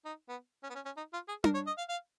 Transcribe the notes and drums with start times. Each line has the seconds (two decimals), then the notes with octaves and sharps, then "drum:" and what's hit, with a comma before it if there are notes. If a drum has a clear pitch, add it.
0.05 D#4
0.29 B3
0.64 C#4
0.70 B3
0.75 C#4
0.85 C#4
0.97 D#4
1.13 F4
1.28 G#4
1.44 A#4, drum: tom D4
1.54 C#5
1.67 D#5
1.78 F5
1.89 F5